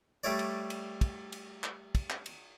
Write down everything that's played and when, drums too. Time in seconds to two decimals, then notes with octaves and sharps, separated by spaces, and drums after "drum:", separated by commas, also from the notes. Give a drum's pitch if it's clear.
0.24 G3 A3 C#5 D5
0.39 drum: cymbal
0.70 drum: cymbal
1.01 drum: kick, cymbal
1.32 drum: cymbal
1.64 drum: clap
1.95 drum: kick, cymbal
2.10 drum: clap
2.26 drum: cymbal